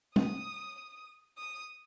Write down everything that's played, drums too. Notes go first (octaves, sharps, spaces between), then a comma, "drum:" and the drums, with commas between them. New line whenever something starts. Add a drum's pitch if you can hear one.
D#6, drum: tom
D#6